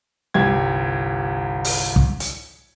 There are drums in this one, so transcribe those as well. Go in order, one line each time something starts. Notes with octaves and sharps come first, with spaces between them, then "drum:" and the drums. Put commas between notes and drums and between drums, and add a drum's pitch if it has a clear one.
G1 C2 G4 G#6
drum: open hi-hat
drum: kick
drum: hi-hat